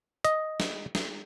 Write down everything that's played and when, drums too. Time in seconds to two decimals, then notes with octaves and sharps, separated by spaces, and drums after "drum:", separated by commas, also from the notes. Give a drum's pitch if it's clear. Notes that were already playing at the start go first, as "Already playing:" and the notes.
0.25 D#5, drum: hi-hat
0.60 drum: snare
0.95 drum: snare